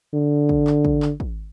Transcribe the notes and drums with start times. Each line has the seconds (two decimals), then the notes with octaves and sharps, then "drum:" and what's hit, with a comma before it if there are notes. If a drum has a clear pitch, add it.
0.14 D3
0.49 drum: kick
0.67 drum: clap
0.85 drum: kick
1.02 drum: clap
1.20 drum: kick